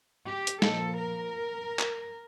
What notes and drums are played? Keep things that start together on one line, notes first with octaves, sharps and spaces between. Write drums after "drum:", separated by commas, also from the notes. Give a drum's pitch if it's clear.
G4
drum: hi-hat
A#2 F3 A#3 A4, drum: snare
A#4
drum: clap